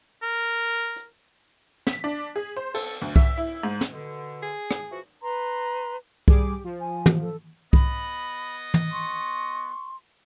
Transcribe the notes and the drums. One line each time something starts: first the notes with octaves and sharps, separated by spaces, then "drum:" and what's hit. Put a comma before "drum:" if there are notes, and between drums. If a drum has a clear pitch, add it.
A#4
drum: hi-hat
B6, drum: snare
D4
G#4
C5
A4, drum: cymbal
D2
E5, drum: kick C2
E4
G#2
drum: snare
B2 D3
G#4
drum: rim click
E3 F3 F#4
B4 A#5 C6
G3 G4 G#4 D6, drum: kick C2
F3
G#5
drum: tom
A4
B3 D#5 B5, drum: kick C2
drum: tom
C6 C#6